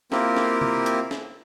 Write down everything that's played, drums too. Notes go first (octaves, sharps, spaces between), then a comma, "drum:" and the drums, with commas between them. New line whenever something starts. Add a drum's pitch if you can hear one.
A#3 C4 E4 F4 G4 A#4, drum: snare
drum: snare
drum: tom C3
drum: hi-hat
drum: snare